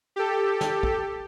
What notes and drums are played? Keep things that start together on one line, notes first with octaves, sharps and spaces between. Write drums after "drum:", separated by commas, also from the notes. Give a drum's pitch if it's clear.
G4 A4
drum: snare
drum: kick